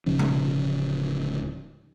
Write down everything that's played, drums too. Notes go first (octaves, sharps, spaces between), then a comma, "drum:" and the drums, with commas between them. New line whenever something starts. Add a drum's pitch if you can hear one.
D1 C#3 F3 C#4
drum: tom B2